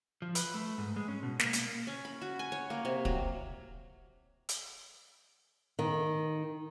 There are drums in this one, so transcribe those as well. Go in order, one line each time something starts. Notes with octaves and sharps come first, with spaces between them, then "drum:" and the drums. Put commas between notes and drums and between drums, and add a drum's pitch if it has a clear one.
F3
B4, drum: hi-hat
A3
G#2
G#3
C#4
B2
A#3, drum: snare
drum: hi-hat
C#4
B5
F#4
G#5
C#5
A#3
C3
F#3, drum: kick
drum: hi-hat
D#3